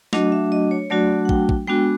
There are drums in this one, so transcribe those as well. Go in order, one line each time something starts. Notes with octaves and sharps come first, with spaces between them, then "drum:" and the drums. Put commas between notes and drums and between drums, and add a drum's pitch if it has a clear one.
F#3 A3 D4 F#4 D#5, drum: snare
E5
D#5
C#5
F#3 A3 D4 F#4 D5
F#5
G5, drum: kick
drum: kick
G#3 B3 D4 F#4 G5